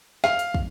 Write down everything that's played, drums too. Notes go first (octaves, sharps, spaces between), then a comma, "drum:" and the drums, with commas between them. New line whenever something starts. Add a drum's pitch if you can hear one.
F5, drum: snare
drum: hi-hat
drum: kick